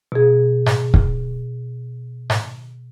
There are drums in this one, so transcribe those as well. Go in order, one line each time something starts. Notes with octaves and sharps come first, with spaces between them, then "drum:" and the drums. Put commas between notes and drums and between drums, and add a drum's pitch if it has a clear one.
B2 G#4
drum: snare G#2
drum: kick
drum: snare G#2